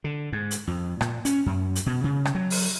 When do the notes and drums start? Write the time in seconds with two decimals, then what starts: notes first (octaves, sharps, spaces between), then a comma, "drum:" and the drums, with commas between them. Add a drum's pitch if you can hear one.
0.04 D3
0.33 G#2
0.51 drum: hi-hat
0.67 F2
1.01 A#2, drum: rim click
1.25 C#4, drum: hi-hat
1.46 F#2
1.75 drum: hi-hat
1.86 B2
2.04 C#3
2.25 drum: rim click
2.35 F#3
2.50 drum: open hi-hat